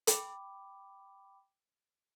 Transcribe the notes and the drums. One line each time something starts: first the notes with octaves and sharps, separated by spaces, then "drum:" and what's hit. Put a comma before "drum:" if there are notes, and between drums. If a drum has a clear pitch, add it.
G5 B5 D6, drum: hi-hat